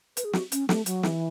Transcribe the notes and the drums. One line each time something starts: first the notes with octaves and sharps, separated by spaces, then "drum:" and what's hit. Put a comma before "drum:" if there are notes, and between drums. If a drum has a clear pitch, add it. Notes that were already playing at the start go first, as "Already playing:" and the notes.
B4, drum: hi-hat
G#4
F#4, drum: snare
C#4, drum: hi-hat
A3, drum: snare
F#3, drum: hi-hat
E3, drum: snare